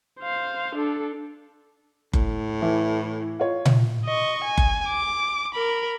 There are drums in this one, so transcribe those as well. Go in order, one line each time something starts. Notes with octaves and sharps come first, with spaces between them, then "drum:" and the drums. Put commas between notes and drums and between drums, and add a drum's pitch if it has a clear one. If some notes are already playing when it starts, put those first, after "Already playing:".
C5 F5
D4 A4
A2, drum: kick F#1
E3 E4
F4 C#5
drum: tom A#2
D#5 C#6
G#5
drum: kick F#1
D6
A#4 B5